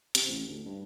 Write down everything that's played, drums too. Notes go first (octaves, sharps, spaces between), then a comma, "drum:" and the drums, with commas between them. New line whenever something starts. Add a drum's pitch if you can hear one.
C3, drum: hi-hat
A1
D2
G2